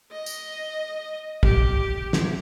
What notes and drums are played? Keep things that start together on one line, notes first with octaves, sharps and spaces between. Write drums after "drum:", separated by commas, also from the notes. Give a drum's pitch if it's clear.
D#5
drum: tambourine
G4, drum: kick
drum: snare